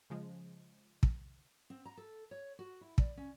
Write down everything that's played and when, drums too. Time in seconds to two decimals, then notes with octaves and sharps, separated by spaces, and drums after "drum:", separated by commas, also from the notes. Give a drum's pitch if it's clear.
0.10 C#3 F3 G#3
1.03 drum: kick
1.70 C4
1.85 A#5
1.97 A4
2.31 C#5
2.59 F#4
2.81 E4
2.98 D5, drum: kick
3.17 C#4